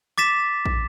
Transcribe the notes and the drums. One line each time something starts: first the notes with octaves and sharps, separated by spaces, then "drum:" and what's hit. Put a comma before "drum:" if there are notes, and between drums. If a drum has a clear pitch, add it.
D6 A6 B6 E7
drum: kick